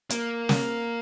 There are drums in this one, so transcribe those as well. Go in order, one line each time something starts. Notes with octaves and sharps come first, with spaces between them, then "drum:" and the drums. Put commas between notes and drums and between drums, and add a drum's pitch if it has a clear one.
A#3, drum: hi-hat
drum: snare